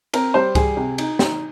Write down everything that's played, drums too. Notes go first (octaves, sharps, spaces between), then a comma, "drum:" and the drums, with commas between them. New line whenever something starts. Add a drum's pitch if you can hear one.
C4 A#4, drum: cymbal
G3 C5
G3 G#4, drum: kick C#2, cymbal
C3
D#4, drum: cymbal
D#4, drum: snare